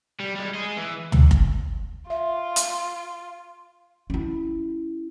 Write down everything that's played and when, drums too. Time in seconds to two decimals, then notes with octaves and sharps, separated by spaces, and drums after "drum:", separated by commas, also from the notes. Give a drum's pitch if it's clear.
0.20 G3
0.36 G3 G#3
0.54 G#4 D#5
0.77 E3
1.12 drum: tom
1.31 drum: kick F1
2.10 F4 E5
2.56 drum: hi-hat
4.10 C#4 E4